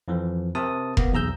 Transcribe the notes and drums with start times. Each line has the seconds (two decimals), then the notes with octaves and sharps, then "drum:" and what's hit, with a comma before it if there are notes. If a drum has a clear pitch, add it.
0.08 F2 E3 F3
0.55 C3 A#4 A5 D#6
0.97 A#3 B3, drum: kick F1
1.12 B1 E2 G#4 A#5 E6 G6